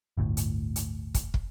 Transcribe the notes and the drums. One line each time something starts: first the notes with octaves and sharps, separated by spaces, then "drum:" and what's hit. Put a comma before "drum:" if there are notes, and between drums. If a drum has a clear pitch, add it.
G1 D2 A2
drum: hi-hat
drum: hi-hat
drum: kick, hi-hat
drum: kick